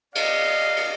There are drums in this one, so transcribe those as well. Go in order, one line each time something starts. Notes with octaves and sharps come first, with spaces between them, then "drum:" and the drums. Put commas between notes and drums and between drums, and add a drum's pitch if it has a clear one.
D5 D#5 F5, drum: cymbal
drum: cymbal